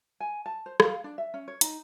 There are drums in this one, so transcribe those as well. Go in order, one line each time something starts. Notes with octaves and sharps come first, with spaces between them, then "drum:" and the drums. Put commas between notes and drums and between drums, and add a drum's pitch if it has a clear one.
G#5
A5
C5
F5, drum: rim click
D4
E5
C#4
C#5
D#4, drum: hi-hat